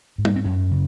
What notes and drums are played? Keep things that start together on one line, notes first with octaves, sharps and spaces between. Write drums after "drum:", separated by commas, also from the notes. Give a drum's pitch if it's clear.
G#2
A#3, drum: tom
C4
F#2 C#4
C#3